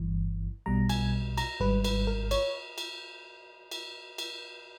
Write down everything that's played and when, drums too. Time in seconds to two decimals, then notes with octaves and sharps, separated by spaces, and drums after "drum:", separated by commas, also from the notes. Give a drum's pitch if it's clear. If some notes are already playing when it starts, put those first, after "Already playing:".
Already playing: G1 G2 E3
0.66 B1 B2 G3 A#5
0.89 G#5, drum: cymbal
1.37 A#5, drum: cymbal
1.60 G#1 G#2 G3 B4
1.84 B4, drum: cymbal
2.07 A#4
2.31 C#5, drum: cymbal
2.78 drum: cymbal
3.71 drum: cymbal
4.18 drum: cymbal